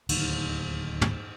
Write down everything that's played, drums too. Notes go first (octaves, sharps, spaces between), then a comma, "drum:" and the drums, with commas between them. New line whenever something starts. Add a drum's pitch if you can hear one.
D1 D#2 D3 D#3, drum: cymbal
drum: tom